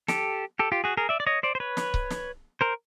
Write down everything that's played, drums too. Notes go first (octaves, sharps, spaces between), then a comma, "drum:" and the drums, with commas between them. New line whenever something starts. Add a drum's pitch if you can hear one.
G4 A4, drum: snare
G4 A4
F4 G4
F#4 G#4
G#4 A#4
D5 E5
D5
C#5 D#5
C5 D5
C5
B4 C#5
drum: snare
drum: kick C#1
drum: snare
A#4 C5